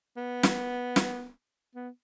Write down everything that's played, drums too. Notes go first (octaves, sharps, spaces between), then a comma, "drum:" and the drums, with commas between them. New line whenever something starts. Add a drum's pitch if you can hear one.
B3
drum: snare
drum: snare
B3